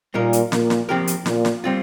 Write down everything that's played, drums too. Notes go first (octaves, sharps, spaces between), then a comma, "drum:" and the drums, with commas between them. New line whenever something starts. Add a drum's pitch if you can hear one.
A#2 G3 A#3 D#4 A#4
drum: hi-hat
A#2, drum: snare
drum: snare
F3 C4 G4 A#4
drum: hi-hat
A#2, drum: snare
drum: snare
G3 C4 F4